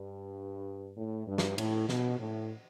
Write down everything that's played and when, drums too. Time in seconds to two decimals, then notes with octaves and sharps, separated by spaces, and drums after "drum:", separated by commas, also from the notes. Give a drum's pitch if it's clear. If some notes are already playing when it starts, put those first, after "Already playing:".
Already playing: G2
0.97 A2
1.28 G2
1.38 drum: snare
1.58 A2, drum: cymbal
1.89 B2, drum: snare
2.19 A2